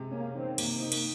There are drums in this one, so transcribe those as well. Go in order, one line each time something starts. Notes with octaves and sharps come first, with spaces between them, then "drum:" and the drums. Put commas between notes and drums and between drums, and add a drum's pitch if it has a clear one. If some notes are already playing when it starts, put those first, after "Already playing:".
Already playing: C3 G#3
A#3 C#4
D#3 C4
C3 A#3, drum: cymbal
D#4
drum: cymbal